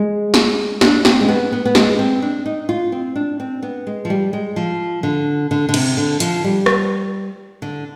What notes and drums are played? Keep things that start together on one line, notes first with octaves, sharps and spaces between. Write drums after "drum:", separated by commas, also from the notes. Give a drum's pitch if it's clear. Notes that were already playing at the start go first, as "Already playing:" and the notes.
Already playing: G#3
drum: snare
D4, drum: snare
C4, drum: snare
G#3
B3
B3
B3
G#3, drum: snare
C4
D4
D#4
F4
C4
D4
C4
B3
G#3
F3
G3
G#3
F3
D3
D3
D3
C3, drum: cymbal
D3
F3, drum: hi-hat
G3
drum: rim click
D3